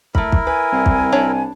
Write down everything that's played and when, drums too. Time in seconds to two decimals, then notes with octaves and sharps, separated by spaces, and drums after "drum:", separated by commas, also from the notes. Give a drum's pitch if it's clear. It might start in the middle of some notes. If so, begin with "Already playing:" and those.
0.15 A3 E4 A#4 B5, drum: kick
0.32 drum: kick
0.47 B4 G#5
0.72 C2
0.86 drum: kick
1.12 D4 C#5 B5